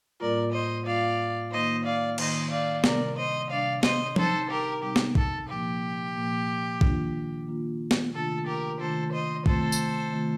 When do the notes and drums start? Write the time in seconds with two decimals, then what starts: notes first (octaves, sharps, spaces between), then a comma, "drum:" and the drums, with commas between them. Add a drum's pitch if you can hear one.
0.20 A2 G3 A#3 F4 A#4 D5
0.53 C5 D#5
0.86 A2 G3 A#3 F4 D5 F5
1.51 D#3 A#3 D#4 C5 D#5
1.84 D5 F5
2.18 D#3 A#3 D#4 C5 D#5, drum: cymbal
2.51 D5 F5
2.84 C3 G3 D4 A#4 D5, drum: snare
3.17 C5 D#5
3.50 C3 G3 D4 D5 F5
3.83 C5 D#5, drum: snare
4.16 C3 G3 C4 D#4 A4 C5, drum: tom F3
4.49 G4 A#4
4.82 C3 G3 C4 D#4 G4
4.96 drum: snare
5.15 A4, drum: kick
5.49 A#2 F3 A#3 G4
6.16 A#2 F3 A#3
6.81 D#3 A#3 D4 F4, drum: kick
7.47 D#3 A#3 D4 F4
7.91 drum: snare
8.13 C3 D#3 A3 D4 F4 A4
8.46 G4 A#4
8.79 C3 D#3 A3 D4 F4 A4 C5
9.12 C5 D#5
9.46 C3 D#3 A3 C4 F4 A4 C5, drum: kick
9.72 drum: tambourine
10.12 C3 D#3 A3 C4 F4